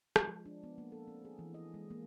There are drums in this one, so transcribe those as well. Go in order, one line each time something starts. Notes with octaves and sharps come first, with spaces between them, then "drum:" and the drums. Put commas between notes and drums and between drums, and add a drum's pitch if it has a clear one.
G#3, drum: rim click
F3
D4
B3
A#3
A4
C4
G#4
E3
D#5
G#3
A#3